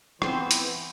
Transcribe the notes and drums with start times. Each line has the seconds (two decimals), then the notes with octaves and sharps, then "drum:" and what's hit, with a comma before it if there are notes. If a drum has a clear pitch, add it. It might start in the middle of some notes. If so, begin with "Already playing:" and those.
0.22 E3 B3 C4 C5, drum: rim click
0.51 drum: hi-hat